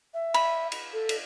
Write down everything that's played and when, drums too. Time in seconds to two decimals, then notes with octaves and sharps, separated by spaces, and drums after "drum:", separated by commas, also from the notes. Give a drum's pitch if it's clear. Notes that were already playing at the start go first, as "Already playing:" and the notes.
0.14 E5
0.34 B5, drum: cymbal
0.72 drum: cymbal
0.93 A4
1.09 drum: cymbal